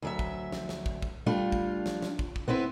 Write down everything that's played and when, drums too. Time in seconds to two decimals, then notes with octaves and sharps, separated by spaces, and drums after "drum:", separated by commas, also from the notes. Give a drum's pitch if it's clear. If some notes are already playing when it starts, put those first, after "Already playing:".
0.02 D2 F#3 E5
0.19 drum: kick
0.52 drum: snare
0.69 drum: snare
0.86 drum: kick
1.02 drum: kick
1.26 G3 A3 D4 F4
1.52 drum: kick
1.86 drum: snare
2.02 drum: snare
2.19 drum: kick
2.36 drum: kick
2.48 B3 C4 E4 B4